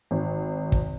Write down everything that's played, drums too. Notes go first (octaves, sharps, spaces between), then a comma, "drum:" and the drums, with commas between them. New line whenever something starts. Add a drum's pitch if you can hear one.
G#1
drum: kick